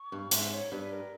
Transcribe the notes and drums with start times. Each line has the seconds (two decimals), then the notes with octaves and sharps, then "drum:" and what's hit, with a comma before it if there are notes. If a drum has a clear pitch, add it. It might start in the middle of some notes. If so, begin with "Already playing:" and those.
Already playing: C#6
0.12 G2
0.31 G#2 E5, drum: hi-hat
0.52 C#5
0.71 G2 B4
0.91 A#4